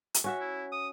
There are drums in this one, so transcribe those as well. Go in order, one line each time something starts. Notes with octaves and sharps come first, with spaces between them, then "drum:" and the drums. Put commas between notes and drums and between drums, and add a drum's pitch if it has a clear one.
drum: hi-hat
C#4 F#4 E5
E4
D#6